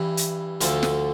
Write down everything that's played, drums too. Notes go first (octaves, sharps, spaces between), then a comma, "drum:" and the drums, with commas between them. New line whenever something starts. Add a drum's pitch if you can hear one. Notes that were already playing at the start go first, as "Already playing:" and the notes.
Already playing: G2 E3
drum: hi-hat
D2 D3 F3 A4, drum: hi-hat
drum: snare